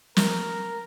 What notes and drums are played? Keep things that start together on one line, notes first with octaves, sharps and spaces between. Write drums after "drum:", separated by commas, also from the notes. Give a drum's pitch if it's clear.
A#4, drum: snare